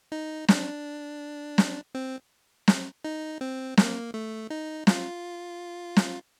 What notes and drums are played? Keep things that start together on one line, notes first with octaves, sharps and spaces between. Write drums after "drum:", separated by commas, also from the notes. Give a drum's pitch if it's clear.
D#4
D4, drum: snare
drum: snare
C4
drum: snare
D#4
C4
A#3, drum: snare
A3
D#4
F4, drum: snare
drum: snare